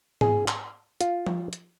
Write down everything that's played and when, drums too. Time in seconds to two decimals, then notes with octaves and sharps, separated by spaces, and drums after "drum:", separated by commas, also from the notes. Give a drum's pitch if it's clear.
0.21 G#4, drum: tom G#2
0.48 drum: clap
1.01 F4, drum: hi-hat
1.27 drum: tom F3
1.53 drum: hi-hat